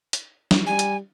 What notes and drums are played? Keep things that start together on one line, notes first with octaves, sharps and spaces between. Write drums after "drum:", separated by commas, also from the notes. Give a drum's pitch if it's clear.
drum: hi-hat
drum: snare
G3 G#5
drum: hi-hat